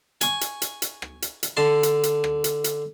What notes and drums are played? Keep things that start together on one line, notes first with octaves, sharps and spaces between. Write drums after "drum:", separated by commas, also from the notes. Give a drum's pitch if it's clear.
G#5 C#6, drum: hi-hat
drum: hi-hat
drum: hi-hat
drum: hi-hat
drum: rim click
drum: hi-hat
drum: hi-hat
D3 A5 C6
drum: hi-hat
drum: hi-hat
drum: rim click
drum: hi-hat
drum: hi-hat